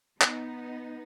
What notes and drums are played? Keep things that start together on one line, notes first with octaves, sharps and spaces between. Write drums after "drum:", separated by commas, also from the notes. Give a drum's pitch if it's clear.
B3 D#4, drum: clap